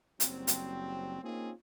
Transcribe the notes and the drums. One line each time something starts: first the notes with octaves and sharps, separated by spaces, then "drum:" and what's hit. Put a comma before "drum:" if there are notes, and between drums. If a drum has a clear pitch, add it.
F#1 F#3 G3 C4, drum: hi-hat
drum: hi-hat
A#3 C4 C#4 D#4 F4 G#4